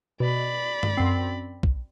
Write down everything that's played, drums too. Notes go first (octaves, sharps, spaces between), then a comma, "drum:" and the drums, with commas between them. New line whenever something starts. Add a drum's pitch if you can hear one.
B2 D5 B5
drum: tom G2
F#2 C4
drum: kick